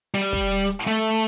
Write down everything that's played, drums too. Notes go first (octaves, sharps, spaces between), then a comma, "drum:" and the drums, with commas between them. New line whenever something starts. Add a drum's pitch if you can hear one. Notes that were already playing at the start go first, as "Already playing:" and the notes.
G3
drum: kick, hi-hat
drum: hi-hat
A3